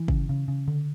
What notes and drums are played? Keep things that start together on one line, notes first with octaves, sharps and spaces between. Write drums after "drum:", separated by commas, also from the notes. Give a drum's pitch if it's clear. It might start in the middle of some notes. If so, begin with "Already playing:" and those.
Already playing: E3
C#3, drum: kick
C#3
C#3
D3